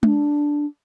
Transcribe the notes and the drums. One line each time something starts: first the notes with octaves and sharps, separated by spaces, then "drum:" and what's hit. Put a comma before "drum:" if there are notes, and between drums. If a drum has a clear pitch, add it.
D4, drum: tom G#3